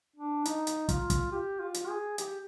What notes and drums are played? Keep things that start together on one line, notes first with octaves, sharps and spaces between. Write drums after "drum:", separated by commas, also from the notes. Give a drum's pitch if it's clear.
D4
D#4, drum: hi-hat
drum: hi-hat
F4, drum: kick, hi-hat
drum: kick, hi-hat
G4
F4
drum: hi-hat
G#4
G4, drum: hi-hat